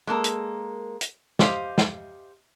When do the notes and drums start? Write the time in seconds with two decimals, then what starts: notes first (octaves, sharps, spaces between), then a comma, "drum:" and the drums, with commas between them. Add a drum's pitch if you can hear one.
0.07 G#3 A#3 A4 A#4
0.24 drum: hi-hat
1.01 drum: hi-hat
1.39 G4 C5 D#5 F5, drum: snare
1.78 drum: snare